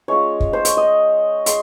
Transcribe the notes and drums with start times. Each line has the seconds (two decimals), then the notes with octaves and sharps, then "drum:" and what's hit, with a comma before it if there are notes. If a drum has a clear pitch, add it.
0.08 G#3 C#4 F4 C#5
0.40 drum: kick
0.53 C5
0.65 C#5, drum: hi-hat
0.77 D#5
1.46 G#3 C6, drum: hi-hat